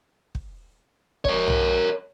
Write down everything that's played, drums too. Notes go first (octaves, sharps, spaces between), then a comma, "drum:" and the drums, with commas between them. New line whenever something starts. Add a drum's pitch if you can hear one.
drum: kick
A#4 C#5, drum: kick
drum: tom